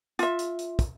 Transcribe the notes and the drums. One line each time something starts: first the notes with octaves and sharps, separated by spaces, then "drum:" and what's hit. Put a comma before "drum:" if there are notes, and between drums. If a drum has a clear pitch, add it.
F4 E5, drum: hi-hat
drum: hi-hat
drum: hi-hat
drum: kick, hi-hat